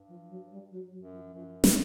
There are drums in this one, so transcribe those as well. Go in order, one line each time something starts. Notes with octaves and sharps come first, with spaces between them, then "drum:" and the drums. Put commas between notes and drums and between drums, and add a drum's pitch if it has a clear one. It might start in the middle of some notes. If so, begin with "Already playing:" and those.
Already playing: G2
F3
F#3
G3
F#3
F#3
F#2
F3
F#2 F3
F3, drum: snare